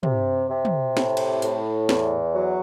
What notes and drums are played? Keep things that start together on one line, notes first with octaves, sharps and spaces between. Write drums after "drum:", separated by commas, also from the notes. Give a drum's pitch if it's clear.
C3, drum: tom
C3
drum: tom
A2, drum: snare
drum: cymbal
A2, drum: hi-hat
E2, drum: snare
F#3